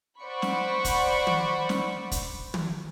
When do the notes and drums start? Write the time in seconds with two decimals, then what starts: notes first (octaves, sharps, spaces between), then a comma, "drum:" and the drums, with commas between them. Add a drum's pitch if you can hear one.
0.21 C5 D5 F#5 B5 C#6
0.42 drum: snare
0.85 drum: kick, hi-hat
1.27 drum: tom
1.69 drum: snare
2.11 drum: kick, hi-hat
2.54 drum: tom